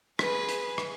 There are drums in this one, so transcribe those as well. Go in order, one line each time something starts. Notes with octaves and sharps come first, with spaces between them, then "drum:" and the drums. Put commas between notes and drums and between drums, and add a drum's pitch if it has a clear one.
G#4 B4, drum: rim click
drum: hi-hat
drum: rim click